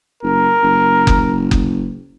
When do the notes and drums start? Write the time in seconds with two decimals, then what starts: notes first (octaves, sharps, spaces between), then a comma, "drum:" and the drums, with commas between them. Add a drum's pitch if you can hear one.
0.23 F#1 A#4
0.63 F#1
1.07 drum: kick F#1
1.51 drum: kick F#1